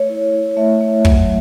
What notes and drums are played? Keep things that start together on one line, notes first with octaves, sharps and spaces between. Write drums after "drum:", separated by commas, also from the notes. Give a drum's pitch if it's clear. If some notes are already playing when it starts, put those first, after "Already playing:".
Already playing: A3 C#5
E4
E4
A3 E5
A3
F#3, drum: kick